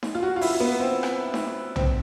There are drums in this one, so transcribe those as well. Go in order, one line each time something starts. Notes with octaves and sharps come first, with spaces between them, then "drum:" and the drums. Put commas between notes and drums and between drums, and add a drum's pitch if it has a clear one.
drum: snare D#4
F4
F#4
F4
E4, drum: open hi-hat
B3
C4
drum: rim click
drum: snare D#4
C4, drum: tom B1